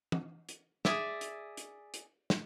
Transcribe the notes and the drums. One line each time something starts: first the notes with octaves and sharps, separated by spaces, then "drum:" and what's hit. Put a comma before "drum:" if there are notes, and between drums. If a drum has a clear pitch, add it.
drum: tom
drum: hi-hat
G#4 D5 E5, drum: snare
drum: hi-hat
drum: hi-hat
drum: hi-hat
drum: snare